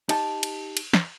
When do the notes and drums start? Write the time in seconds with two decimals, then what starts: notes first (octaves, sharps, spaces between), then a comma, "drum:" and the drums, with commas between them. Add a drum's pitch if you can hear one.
0.09 D#4 G4 A5, drum: cymbal
0.43 drum: cymbal
0.77 drum: cymbal
0.93 drum: snare